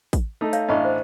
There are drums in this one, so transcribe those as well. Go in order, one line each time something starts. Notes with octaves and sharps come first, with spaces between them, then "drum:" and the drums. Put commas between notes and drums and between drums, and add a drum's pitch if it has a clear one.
drum: kick, hi-hat
A3 D#4
C#5 F5, drum: hi-hat
A1 D4 D#5 F5 B5 C#6
C5